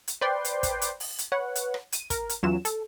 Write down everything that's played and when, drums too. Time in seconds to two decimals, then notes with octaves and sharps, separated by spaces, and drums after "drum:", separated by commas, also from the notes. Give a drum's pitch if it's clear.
0.08 drum: hi-hat
0.21 B4 C5 D5 G5 C6
0.45 drum: hi-hat
0.63 drum: kick, hi-hat
0.82 drum: hi-hat
1.00 drum: open hi-hat
1.19 drum: hi-hat
1.32 B4 C#5 F#5
1.55 drum: hi-hat
1.74 drum: rim click
1.92 D#7, drum: hi-hat
2.10 A#4, drum: kick, hi-hat
2.29 drum: hi-hat
2.43 E2 F#3 C#4 F4 E7
2.65 A4, drum: hi-hat